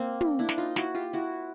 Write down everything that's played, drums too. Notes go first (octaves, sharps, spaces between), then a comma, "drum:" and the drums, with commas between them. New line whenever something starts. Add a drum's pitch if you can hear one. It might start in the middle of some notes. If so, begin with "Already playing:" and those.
Already playing: A#3 C4
drum: tom
D4 E4
drum: snare
D#4 F4
E4 F#4, drum: snare
F4 G4
E4 F#4